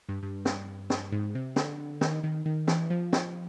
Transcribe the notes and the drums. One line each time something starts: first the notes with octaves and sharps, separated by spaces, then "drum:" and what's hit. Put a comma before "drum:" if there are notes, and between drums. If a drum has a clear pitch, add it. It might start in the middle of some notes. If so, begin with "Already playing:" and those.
G2
G2
drum: snare
drum: snare
G#2
C3
D3, drum: snare
D#3, drum: snare
D#3
D#3
E3, drum: snare
F3
drum: snare